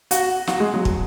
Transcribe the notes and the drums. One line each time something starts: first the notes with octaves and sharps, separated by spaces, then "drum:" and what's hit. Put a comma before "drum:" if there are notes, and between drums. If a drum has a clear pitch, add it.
F#4, drum: hi-hat
F#4, drum: snare
G#3
F#3
B2, drum: kick